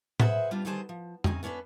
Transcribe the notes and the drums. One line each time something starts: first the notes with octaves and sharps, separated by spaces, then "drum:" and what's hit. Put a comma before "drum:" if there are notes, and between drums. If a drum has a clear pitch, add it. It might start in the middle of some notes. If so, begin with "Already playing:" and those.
G#4 B4 C5 E5 F#5, drum: tom A2
G3 B3 C4 D4 F4
D3 D#3 G3 G#4 C5 A5
F3
C4 C#4 D#4 G#4, drum: tom F2
B3 C#4 D4 F#4 B4